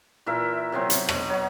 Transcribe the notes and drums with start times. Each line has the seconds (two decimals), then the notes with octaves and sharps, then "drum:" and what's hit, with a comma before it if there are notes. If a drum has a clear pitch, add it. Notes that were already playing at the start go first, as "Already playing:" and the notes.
0.26 A#2 E3 A#4 E5
0.72 C3 F#3 B3 C4
0.90 drum: hi-hat
1.09 B2, drum: rim click
1.29 F#3 C#5